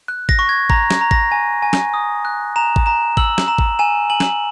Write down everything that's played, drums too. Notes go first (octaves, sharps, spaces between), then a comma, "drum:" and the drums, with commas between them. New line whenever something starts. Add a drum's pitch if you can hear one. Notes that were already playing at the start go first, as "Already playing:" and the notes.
F#6
A#6, drum: kick G#1
C#6
G#6
A#5 A#6, drum: kick G#1
drum: snare
A#5
A#6, drum: kick G#1
G#5
G#5
drum: snare
D#6
F#6
A#5 E7
drum: kick G#1
A#5 E7
E6 F#7, drum: kick G#1
drum: snare
A#5 E7
drum: kick G#1
G#5 E7
G#5 F#7
drum: snare